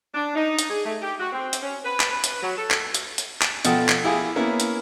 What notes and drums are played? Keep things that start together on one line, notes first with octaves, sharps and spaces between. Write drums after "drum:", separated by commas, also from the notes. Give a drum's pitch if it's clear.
D4
D#4
drum: hi-hat
G#4
A3
G4
F#4
C4
drum: hi-hat
C#4
B4
drum: clap
B4
drum: hi-hat
F#3
A4
drum: clap
drum: hi-hat
drum: hi-hat
drum: clap
B2 F3 A4 F#5 G5 D#6, drum: hi-hat
drum: clap
E4 G4 G#4 F5 G#5 D#6
A#3 B3 C#4 E4
drum: hi-hat